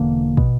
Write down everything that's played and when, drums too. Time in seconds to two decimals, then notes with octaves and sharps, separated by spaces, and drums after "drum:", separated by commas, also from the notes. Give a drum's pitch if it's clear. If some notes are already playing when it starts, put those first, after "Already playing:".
Already playing: E1 E2 D3 A#3
0.37 B2, drum: kick